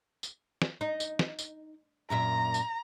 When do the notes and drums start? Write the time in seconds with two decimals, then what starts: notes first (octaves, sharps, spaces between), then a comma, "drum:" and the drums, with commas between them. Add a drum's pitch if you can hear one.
0.23 drum: tambourine
0.62 drum: snare
0.81 D#4
1.00 drum: tambourine
1.19 drum: snare
1.39 drum: tambourine
2.10 F#2 A#2 E5 A#5
2.54 drum: tambourine